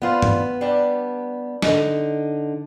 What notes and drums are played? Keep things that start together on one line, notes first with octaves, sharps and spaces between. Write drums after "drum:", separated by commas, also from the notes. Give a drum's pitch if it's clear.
G3 B3 F4 C5
drum: tom G2
G3 D4
D3 D#4, drum: snare